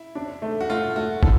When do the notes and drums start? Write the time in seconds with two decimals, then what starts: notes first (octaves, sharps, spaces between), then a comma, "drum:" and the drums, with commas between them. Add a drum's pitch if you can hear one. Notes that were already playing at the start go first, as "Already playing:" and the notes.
Already playing: E4
0.15 D4
0.42 A3
0.61 F#4
0.70 A3 F4
0.96 A3 F#4
1.23 A2 A4, drum: kick